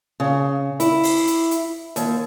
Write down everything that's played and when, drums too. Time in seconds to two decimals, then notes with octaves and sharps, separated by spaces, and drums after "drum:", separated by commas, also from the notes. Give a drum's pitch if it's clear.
0.20 C#3
0.80 E4, drum: hi-hat
1.04 drum: open hi-hat
1.27 drum: hi-hat
1.51 drum: hi-hat
1.96 D#2, drum: hi-hat